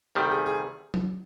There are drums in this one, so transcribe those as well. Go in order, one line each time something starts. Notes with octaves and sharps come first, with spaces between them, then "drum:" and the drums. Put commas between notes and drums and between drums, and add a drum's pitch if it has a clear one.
D2 C3 D#3 G3 G4
G#4
G#4
drum: tom F#3